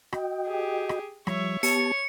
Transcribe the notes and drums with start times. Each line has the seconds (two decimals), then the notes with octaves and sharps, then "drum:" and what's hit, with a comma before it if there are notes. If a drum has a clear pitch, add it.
0.13 F#4 D#5 G5, drum: rim click
0.47 G4 G#4
0.89 drum: rim click
1.27 F3 G3 C#5 E5, drum: rim click
1.63 B3 G4 C#5 A5 C#7, drum: open hi-hat